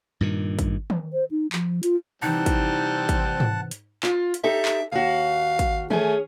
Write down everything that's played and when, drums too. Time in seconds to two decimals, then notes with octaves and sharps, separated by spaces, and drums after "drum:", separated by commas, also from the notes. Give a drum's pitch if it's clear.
0.21 G2 A#2 D#3
0.59 drum: kick, hi-hat
0.90 drum: tom D#3
1.13 C5
1.31 D#4
1.52 F3, drum: clap
1.83 F4, drum: hi-hat
2.22 C3 E3 G3 C4 D#4 F#5 A5
2.46 drum: kick, hi-hat
3.09 drum: kick, hi-hat
3.40 drum: tom G#2
3.71 drum: hi-hat
4.03 F4, drum: clap
4.34 drum: hi-hat
4.44 D#4 G4 A4 E5
4.65 drum: clap
4.92 D#2 F#4 F5
5.59 drum: kick, hi-hat
5.90 A3 C#4 G#4, drum: tom D#3